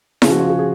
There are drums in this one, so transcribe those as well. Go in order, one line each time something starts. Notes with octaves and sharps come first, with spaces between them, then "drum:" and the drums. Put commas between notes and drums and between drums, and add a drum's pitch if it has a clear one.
C#3 G#4, drum: snare E4
F3 F#4
F4
F#4
G#4